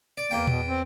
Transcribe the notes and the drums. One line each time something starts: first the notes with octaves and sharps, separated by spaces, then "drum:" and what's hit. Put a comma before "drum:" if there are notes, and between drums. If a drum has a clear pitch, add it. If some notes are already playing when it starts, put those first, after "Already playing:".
D5
E2 A#3 G5
B2, drum: tom A#2
C4